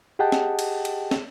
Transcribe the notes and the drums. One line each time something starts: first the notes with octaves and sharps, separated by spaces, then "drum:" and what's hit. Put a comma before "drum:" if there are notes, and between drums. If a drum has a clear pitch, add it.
G4 G#4 D#5 F#5 G5 A5
drum: snare
drum: cymbal
drum: cymbal
drum: snare